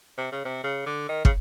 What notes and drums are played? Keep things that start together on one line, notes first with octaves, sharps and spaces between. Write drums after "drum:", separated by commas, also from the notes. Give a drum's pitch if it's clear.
C3
C#3
C3
C#3
D3
D#3
C#3, drum: kick